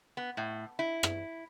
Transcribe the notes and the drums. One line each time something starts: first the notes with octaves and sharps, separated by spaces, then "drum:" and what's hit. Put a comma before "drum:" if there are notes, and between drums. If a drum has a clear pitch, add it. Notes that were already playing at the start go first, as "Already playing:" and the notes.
B3
A2
E4
drum: rim click